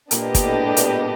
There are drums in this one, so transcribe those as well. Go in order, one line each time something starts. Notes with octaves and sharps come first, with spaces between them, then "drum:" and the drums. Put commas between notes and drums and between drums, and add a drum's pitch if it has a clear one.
A#2 A#3 B3 D4 G4 B4 D#5, drum: hi-hat
A#3, drum: kick, hi-hat
A2 A3
G#3
A3
A#2 A#3, drum: hi-hat